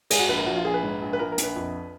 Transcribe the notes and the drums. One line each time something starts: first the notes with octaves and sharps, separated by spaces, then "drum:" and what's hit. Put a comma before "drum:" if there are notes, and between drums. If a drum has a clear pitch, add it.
G#2 G#4, drum: cymbal
F#4
A#1 B4
A#4
F3 F#4
F4
A#1 G#4
B4
G#2
A#1
B4
F3 A#4
A#4
A#1, drum: hi-hat
B4
F2